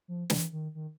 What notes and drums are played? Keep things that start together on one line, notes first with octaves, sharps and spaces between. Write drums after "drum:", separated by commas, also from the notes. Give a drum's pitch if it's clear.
F3
E3, drum: snare
D#3
D#3